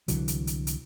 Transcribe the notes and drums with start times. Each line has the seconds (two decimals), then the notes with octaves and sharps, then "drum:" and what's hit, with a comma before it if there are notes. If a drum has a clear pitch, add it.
0.08 C2 D3 E3 F#3, drum: hi-hat
0.28 drum: hi-hat
0.47 drum: hi-hat
0.67 drum: hi-hat